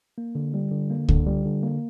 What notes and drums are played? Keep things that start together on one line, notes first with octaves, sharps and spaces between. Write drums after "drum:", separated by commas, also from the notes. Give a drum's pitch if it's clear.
A#3
D3
G3
D3
A#3
D3, drum: kick C#2
G3
D3
A#3